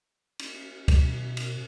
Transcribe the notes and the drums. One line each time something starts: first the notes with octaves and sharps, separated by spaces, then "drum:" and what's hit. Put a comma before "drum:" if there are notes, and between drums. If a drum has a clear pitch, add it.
drum: cymbal
B2, drum: kick, cymbal
drum: cymbal